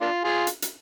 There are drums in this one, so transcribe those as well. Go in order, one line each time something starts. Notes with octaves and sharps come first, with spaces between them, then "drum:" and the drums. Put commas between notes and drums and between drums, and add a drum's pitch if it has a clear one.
A#3 D4 F4
F4 G#4
drum: hi-hat
drum: hi-hat